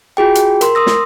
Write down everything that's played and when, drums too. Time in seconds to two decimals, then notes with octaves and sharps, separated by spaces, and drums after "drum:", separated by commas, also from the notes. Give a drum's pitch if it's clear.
0.17 F4 F#4 G#4 G5
0.35 drum: hi-hat
0.61 A#4 C6, drum: hi-hat
0.75 C6 D#6 E6 A#6
0.87 drum: snare